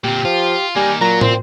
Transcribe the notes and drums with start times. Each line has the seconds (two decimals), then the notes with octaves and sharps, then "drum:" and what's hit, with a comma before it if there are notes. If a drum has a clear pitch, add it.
0.04 A#2 C4 G4
0.25 F3 F4
0.76 G3 A#3 D#4 G#5
1.01 A#2 F#3 A#5
1.21 C4 C5, drum: tom